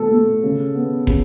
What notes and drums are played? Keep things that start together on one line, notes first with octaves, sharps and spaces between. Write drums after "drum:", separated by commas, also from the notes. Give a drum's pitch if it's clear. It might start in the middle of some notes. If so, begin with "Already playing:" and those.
Already playing: B2 A3 A4
A3
C#3
B3
C#3, drum: kick